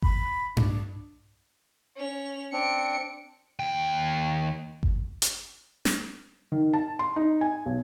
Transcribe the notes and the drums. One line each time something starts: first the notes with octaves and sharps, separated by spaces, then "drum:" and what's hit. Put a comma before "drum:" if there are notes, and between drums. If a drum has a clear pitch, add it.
B5, drum: kick G1
D4, drum: tom G2
C#4 F7
C4 D4 C#7 D7
D#2 G5
drum: kick G1
drum: hi-hat
drum: snare
D#3
A5
C6
D#4
G#5
B1